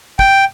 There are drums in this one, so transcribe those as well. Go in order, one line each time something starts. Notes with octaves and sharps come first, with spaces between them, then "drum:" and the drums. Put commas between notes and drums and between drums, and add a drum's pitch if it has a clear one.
G5, drum: kick